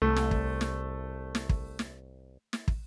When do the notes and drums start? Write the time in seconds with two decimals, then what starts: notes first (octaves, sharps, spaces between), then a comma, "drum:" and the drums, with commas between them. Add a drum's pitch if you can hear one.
0.02 C2 A3
0.16 drum: snare
0.31 drum: kick
0.61 drum: snare
1.35 drum: snare
1.49 drum: kick
1.79 drum: snare
2.53 drum: snare
2.68 drum: kick